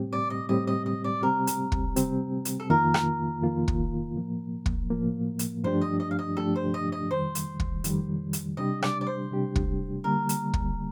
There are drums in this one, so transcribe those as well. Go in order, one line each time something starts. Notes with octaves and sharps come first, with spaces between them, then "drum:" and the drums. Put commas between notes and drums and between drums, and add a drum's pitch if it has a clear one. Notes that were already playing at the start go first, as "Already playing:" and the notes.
Already playing: A2 G3 C4 G4
D5
D#5
A2 G3 C4 G4 D#5
D#5
D#5
D5
C3 G3 C4 G4 A#4
drum: hi-hat
drum: kick
C3 G3 C4 G4, drum: hi-hat
drum: hi-hat
A4
F2 D#3 A#3 F4 A#4
drum: rim click
F2 D#3 A#3 F4
drum: kick
A2 F3 A#3
drum: kick
A2 F3 A#3
drum: hi-hat
G2 F3 A3 D4 G4 C5
D#5
D#5
F5
D#5
G2 F3 A3 D4 G4 A4
C5
D#5
D#5
F2 D#3 G3 C5
drum: hi-hat
drum: kick
F2 D#3 G3, drum: hi-hat
drum: hi-hat
C3 G3 D4 G4 D#5
D5, drum: rim click
D5
C5
C3 G3 D4 G4
drum: kick
D3 G3 A#3 A#4
drum: hi-hat
drum: kick